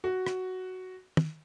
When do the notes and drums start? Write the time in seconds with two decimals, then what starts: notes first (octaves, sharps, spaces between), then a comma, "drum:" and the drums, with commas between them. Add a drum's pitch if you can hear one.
0.04 F#4
0.26 drum: rim click
1.17 drum: tom